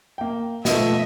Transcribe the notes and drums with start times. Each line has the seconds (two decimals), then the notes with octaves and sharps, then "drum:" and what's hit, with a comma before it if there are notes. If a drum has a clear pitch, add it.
0.18 A#3 G5
0.65 B2 F3 A3 D#5 E5, drum: snare